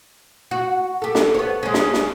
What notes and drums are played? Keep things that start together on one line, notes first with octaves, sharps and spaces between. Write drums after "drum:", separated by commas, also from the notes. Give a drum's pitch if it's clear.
F#4
G4 A4
drum: snare
B3 C#5
G#3 C#4
drum: snare
drum: snare